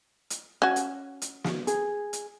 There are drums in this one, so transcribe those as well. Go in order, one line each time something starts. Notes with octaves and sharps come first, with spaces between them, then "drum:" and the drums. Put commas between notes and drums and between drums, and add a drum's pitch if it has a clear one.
drum: hi-hat
C#4 F#4
drum: hi-hat
drum: hi-hat
drum: snare
G#4, drum: hi-hat
drum: hi-hat